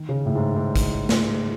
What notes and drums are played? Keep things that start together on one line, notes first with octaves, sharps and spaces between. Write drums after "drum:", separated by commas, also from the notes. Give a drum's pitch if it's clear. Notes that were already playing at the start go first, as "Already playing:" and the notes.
Already playing: D#3
C#3
A2
G#2
G#2
drum: kick, hi-hat
drum: snare